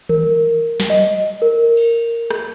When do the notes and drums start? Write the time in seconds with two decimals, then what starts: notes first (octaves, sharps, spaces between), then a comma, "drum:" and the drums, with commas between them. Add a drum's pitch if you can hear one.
0.09 A#4, drum: tom D#3
0.80 drum: snare
0.90 D#5
1.42 A#4
1.77 drum: cymbal
2.30 drum: rim click